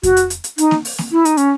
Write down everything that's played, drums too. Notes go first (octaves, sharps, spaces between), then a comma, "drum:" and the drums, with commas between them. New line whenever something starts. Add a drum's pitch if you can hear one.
F#4, drum: kick F2, hi-hat
drum: hi-hat
drum: hi-hat
drum: hi-hat
D#4, drum: hi-hat
drum: snare A#3
drum: open hi-hat
drum: snare A#3
E4
D#4, drum: hi-hat
C#4, drum: hi-hat